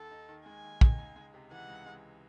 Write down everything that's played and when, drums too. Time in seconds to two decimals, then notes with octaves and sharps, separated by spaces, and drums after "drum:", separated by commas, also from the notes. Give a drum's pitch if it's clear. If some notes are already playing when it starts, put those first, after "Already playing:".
Already playing: D#2 A4
0.11 D#4
0.29 D#3
0.46 G#3 G#5
0.64 D#2
0.81 D#4, drum: kick
0.98 C#2
1.16 G#3
1.34 C3
1.51 E3 F#5
1.68 C#2
1.86 G#3